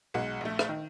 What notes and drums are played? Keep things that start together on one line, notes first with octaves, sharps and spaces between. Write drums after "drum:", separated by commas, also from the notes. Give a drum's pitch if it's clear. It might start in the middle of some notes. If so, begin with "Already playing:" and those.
B1 G#3 F#5
A#1 A3
drum: rim click
D#3